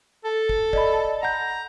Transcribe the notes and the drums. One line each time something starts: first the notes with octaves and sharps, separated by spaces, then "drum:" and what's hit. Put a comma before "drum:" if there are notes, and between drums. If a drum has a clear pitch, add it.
A4
drum: kick
D5 D#5 B5, drum: kick
F#5 A#5 G6